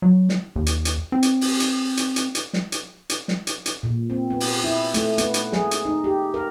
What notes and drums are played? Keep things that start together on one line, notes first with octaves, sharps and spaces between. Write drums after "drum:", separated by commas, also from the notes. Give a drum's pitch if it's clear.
F#3
drum: snare
D#2
drum: hi-hat
drum: hi-hat
C4
drum: hi-hat
drum: open hi-hat
drum: hi-hat
drum: hi-hat
drum: hi-hat
drum: hi-hat
drum: snare
drum: hi-hat
drum: hi-hat
drum: snare
drum: hi-hat
drum: hi-hat
A#2
C4
B3
drum: open hi-hat
E4
A3, drum: hi-hat
B3, drum: hi-hat
drum: hi-hat
G#4, drum: snare
drum: hi-hat
D#4
G4
A#4